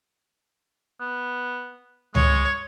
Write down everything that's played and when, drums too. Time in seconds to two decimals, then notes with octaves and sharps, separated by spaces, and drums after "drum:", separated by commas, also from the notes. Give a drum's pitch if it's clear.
1.01 B3
2.15 G#3 C#5, drum: tom C#2